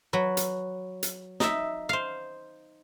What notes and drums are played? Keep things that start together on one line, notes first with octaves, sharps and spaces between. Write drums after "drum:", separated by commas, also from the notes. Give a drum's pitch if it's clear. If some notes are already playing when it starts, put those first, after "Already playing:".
F#3 B4
drum: hi-hat
drum: hi-hat
D#4 E5, drum: snare
C5 F5